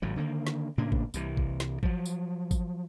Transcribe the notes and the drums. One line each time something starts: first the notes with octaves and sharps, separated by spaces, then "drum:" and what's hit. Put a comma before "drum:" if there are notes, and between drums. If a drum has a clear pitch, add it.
G#1 A2 F#3
D3 D#3 G#3 A#3
drum: snare
A2 C#3 A#3 D4
drum: kick
C2 C3 E3, drum: tambourine
drum: kick
drum: snare
F3 F#3, drum: kick
drum: tambourine
drum: kick, tambourine